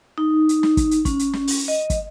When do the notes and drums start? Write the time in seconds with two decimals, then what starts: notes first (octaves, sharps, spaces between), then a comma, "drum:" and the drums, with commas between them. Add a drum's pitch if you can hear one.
0.18 D#4
0.49 drum: hi-hat
0.63 drum: snare
0.77 drum: kick, hi-hat
0.91 drum: hi-hat
1.05 C#4, drum: kick, hi-hat
1.19 drum: hi-hat
1.33 drum: snare
1.48 drum: open hi-hat
1.68 D#5
1.90 drum: kick, hi-hat